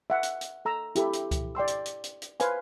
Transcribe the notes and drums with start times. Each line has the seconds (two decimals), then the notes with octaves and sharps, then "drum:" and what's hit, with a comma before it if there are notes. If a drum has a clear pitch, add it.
0.10 E5 F#5
0.23 drum: hi-hat
0.41 drum: hi-hat
0.65 A4 A#5 E6
0.95 E4 G4 A4 B5, drum: hi-hat
1.13 drum: hi-hat
1.31 drum: kick C#2, hi-hat
1.55 D5 G5 C6 E6
1.67 drum: hi-hat
1.86 drum: hi-hat
2.04 drum: hi-hat
2.22 drum: hi-hat
2.40 B4 C5 F5 G#5, drum: hi-hat